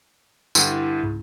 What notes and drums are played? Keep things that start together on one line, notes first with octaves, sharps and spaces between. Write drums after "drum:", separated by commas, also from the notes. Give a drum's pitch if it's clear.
G2 D3 E4, drum: tambourine
C#2 G#2